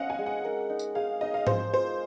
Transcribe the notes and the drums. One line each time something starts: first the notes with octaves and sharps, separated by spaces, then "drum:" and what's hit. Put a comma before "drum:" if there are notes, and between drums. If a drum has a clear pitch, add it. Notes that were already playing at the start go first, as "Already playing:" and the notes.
Already playing: C4 C#4 D#5 F5 F#5
G#5
G#3
F#5
A#4
D#4
drum: tambourine
G#4 F5
D#4 D#5
F5
G#3 C5, drum: tom G#2
F4 C5